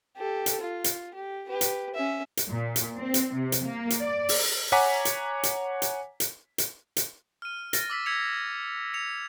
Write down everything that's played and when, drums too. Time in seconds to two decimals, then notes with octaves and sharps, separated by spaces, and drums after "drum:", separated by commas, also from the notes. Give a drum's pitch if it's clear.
0.16 G4 A4
0.46 drum: hi-hat
0.61 F4
0.84 drum: hi-hat
1.14 G4
1.48 G4 B4
1.61 drum: hi-hat
1.94 C#4 E5
2.37 drum: hi-hat
2.49 A#2
2.76 drum: hi-hat
2.97 C4
3.14 drum: hi-hat
3.34 C3
3.52 drum: hi-hat
3.65 A#3
3.90 drum: hi-hat
4.01 D5
4.29 drum: open hi-hat
4.72 C#5 F#5 G#5 A#5 D6 B6
5.05 drum: hi-hat
5.43 drum: hi-hat
5.82 drum: hi-hat
6.20 drum: hi-hat
6.58 drum: hi-hat
6.97 drum: hi-hat
7.42 F6 D#7
7.73 F6 A6 A#6, drum: hi-hat
7.90 D6 E6 B6
8.06 E6 G#6 B6 C#7 F7
8.94 C#7 F7